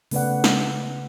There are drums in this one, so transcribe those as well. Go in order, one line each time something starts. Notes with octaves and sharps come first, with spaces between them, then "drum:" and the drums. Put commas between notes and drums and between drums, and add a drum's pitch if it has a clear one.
C#3 A3 B3 B4 D5 F#5, drum: open hi-hat
drum: snare